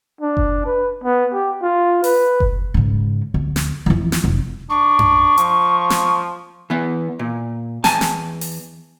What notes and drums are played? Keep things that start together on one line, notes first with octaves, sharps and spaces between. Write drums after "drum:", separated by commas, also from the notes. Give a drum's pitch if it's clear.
D4
drum: kick F#1
B4
B3
G4
F4
B4, drum: open hi-hat
drum: kick F#1
G#2 C#3
D2
drum: snare
F2 E3
drum: snare
F1
D4 C#6
drum: tom F#2
F3, drum: hi-hat
drum: snare
E3 B3
A#2
E2 G#5 A5, drum: snare
drum: snare
drum: open hi-hat